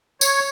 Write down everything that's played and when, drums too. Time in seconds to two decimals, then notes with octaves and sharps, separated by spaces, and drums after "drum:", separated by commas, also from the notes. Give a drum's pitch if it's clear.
0.21 C#5, drum: tambourine